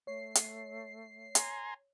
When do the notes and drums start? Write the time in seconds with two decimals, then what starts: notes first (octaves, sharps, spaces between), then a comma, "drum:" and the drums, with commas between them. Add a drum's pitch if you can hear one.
0.07 A3 C#5 C7
0.35 drum: hi-hat
1.35 G#5 A#5 C6, drum: hi-hat